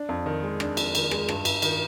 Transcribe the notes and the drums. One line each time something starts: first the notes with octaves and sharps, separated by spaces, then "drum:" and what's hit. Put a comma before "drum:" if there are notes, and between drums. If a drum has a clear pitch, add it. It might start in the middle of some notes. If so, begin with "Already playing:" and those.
Already playing: D4
F2
D#3
G#3
D4, drum: rim click
F2, drum: cymbal
D#3, drum: cymbal
G#3, drum: rim click
G2, drum: rim click
G2, drum: cymbal
D#3, drum: cymbal